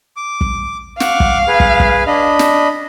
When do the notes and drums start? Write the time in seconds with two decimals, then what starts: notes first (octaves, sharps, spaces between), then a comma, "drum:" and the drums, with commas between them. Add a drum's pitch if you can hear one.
0.16 D6
0.41 drum: kick
1.00 F5 F#5 C#6 D6, drum: snare
1.20 drum: kick
1.48 G#4 B4
1.60 drum: kick
1.80 drum: kick
2.07 D4 D#5 B5
2.39 drum: snare